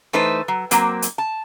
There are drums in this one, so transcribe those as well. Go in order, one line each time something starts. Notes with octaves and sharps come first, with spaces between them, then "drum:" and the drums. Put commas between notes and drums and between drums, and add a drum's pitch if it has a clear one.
E3 A3 D#4 B4 C5
F#3
F#3 A#3 C4, drum: hi-hat
drum: hi-hat
A5